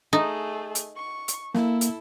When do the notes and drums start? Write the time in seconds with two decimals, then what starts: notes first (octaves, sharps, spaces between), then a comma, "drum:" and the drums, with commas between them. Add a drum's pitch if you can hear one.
0.13 A3 D#4 G#4
0.75 drum: hi-hat
0.96 C#6
1.28 drum: hi-hat
1.55 A#3 E4 A4, drum: snare
1.81 drum: hi-hat